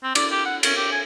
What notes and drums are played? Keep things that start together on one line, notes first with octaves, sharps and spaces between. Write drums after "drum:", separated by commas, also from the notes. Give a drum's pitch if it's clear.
C4
D5, drum: cymbal
G4
F#5
C#4, drum: cymbal
G4
G#5